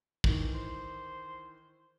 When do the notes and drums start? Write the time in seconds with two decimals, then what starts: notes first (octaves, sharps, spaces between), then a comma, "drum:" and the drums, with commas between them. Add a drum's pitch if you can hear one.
0.24 D#3 E3, drum: kick
0.54 C5